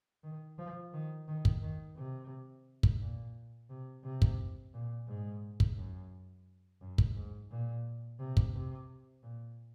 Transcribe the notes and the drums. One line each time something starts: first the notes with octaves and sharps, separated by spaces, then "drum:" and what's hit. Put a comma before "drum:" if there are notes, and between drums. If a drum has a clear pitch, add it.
D#3
F3
D#3
D#3
drum: kick
D#3
C3
drum: kick
A#2
C3
C3
drum: kick
A#2
G#2
drum: kick
F#2
F#2
drum: kick
G#2
A#2
C3
drum: kick
C3
A#2